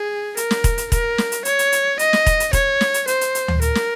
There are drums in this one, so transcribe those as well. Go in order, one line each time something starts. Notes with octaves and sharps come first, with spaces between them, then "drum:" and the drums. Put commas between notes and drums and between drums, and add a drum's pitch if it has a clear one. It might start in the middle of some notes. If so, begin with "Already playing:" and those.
Already playing: G#4
A#4, drum: hi-hat
drum: snare
drum: kick E1, hi-hat
drum: hi-hat
A#4, drum: kick E1, hi-hat
drum: snare
drum: hi-hat
C#5, drum: hi-hat
drum: hi-hat
drum: hi-hat
D#5, drum: hi-hat
drum: snare
drum: kick E1, hi-hat
drum: hi-hat
C#5, drum: kick E1, hi-hat
drum: snare
drum: hi-hat
C5, drum: hi-hat
drum: hi-hat
drum: hi-hat
drum: tom D2
A#4, drum: hi-hat
drum: snare